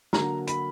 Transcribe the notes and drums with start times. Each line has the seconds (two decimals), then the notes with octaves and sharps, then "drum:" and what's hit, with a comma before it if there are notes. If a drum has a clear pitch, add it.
0.13 D3 F#3 A#3 A#5, drum: snare
0.47 B5, drum: hi-hat